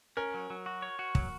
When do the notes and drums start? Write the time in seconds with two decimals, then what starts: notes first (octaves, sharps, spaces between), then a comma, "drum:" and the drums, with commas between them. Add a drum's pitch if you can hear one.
0.17 C#4 A#4
0.34 F#3
0.50 F#3
0.66 F#4
0.82 C#5
0.99 F#4
1.15 F#3, drum: kick